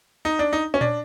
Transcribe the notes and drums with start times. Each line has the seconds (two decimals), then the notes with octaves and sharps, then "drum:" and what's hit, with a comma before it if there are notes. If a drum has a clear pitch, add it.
0.25 D#4
0.39 D4
0.53 D#4
0.74 C#4
0.81 D4, drum: tom A#2